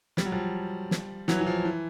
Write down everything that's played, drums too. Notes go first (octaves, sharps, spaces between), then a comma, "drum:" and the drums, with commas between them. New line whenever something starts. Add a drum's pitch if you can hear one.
G3, drum: snare
F#3
F3 G3
drum: snare
E3 F#3, drum: snare
E3
F3
E3